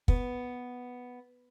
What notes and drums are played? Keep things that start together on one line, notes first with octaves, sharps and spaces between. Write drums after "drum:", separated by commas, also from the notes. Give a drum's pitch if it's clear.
B3, drum: kick